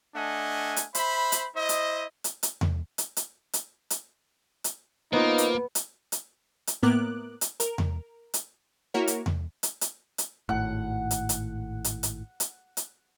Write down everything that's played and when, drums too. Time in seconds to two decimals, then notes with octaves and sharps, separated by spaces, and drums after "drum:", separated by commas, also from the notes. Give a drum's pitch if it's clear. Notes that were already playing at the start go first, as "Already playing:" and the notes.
0.15 A3 D4 D#5 F#5 G#5
0.76 drum: hi-hat
0.95 C5 E5 B5, drum: hi-hat
1.32 drum: hi-hat
1.56 E4 C5 D#5
1.69 drum: hi-hat
2.24 drum: hi-hat
2.43 drum: hi-hat
2.61 drum: tom E2
2.98 drum: hi-hat
3.17 drum: hi-hat
3.53 drum: hi-hat
3.90 drum: hi-hat
4.64 drum: hi-hat
5.13 A#3 B3 D#4 F4 C5
5.38 drum: hi-hat
5.75 drum: hi-hat
6.12 drum: hi-hat
6.67 drum: hi-hat
6.83 A2 A#3 B3 A#4 D6 F#6
7.41 drum: hi-hat
7.60 A#4, drum: hi-hat
7.78 drum: tom E2
8.34 drum: hi-hat
8.94 A#3 E4 F#4 A#4 C#5
9.07 drum: hi-hat
9.26 drum: tom E2
9.63 drum: hi-hat
9.81 drum: hi-hat
10.18 drum: hi-hat
10.49 G#1 A2 F#5
11.11 drum: hi-hat
11.29 drum: hi-hat
11.84 drum: hi-hat
12.03 drum: hi-hat
12.40 drum: hi-hat
12.77 drum: hi-hat